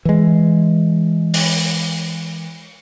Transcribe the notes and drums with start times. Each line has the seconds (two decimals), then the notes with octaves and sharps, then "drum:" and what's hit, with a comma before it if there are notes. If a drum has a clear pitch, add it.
0.05 E3 G#3
1.34 drum: open hi-hat